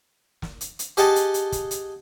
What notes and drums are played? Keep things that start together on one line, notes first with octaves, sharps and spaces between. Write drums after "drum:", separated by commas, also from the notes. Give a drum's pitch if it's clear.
drum: snare
drum: hi-hat
drum: hi-hat
G4 G#4 D#5 F#5 A5, drum: hi-hat
drum: hi-hat
drum: hi-hat
drum: kick, hi-hat
drum: hi-hat